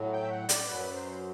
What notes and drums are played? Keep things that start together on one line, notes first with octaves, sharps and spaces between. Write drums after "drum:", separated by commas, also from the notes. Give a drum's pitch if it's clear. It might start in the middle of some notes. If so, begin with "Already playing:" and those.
Already playing: A2 F#3
G5
E5
F#5
D5, drum: hi-hat
F#2 F#3 B4
C5